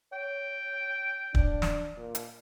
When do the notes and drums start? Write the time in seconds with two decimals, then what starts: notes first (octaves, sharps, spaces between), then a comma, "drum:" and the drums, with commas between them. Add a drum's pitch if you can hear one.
0.13 C#5 G5
1.35 D4, drum: kick
1.62 drum: snare
1.97 A#2
2.15 drum: hi-hat